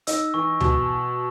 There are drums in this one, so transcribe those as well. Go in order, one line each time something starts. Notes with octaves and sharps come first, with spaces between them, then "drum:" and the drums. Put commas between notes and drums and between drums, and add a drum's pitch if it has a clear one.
D#4 E6, drum: hi-hat
E3 C#6
B2 C#6, drum: tom C#2